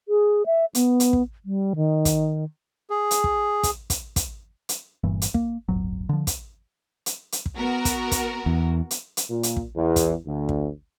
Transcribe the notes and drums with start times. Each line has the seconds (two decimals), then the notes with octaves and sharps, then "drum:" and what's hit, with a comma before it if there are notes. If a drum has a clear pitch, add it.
0.08 G#4
0.46 E5
0.75 B3, drum: hi-hat
1.00 drum: hi-hat
1.13 drum: kick
1.45 G3
1.76 D#3
2.05 drum: kick, hi-hat
2.90 G#4
3.11 drum: hi-hat
3.24 drum: kick
3.63 drum: kick, hi-hat
3.90 drum: kick, hi-hat
4.16 drum: kick, hi-hat
4.69 drum: hi-hat
5.04 G1 G2 A#2 E3
5.22 drum: hi-hat
5.34 A#3, drum: kick
5.68 D1 G1 F#3
6.09 D3 F3
6.27 drum: kick, hi-hat
7.06 drum: hi-hat
7.32 drum: hi-hat
7.46 drum: kick
7.56 B3 F#4 A#4
7.85 drum: kick, hi-hat
8.11 drum: kick, hi-hat
8.46 E2
8.91 drum: hi-hat
9.17 drum: hi-hat
9.30 A#2
9.43 drum: hi-hat
9.56 drum: kick
9.76 E2
9.96 drum: kick, hi-hat
10.27 D2
10.49 drum: kick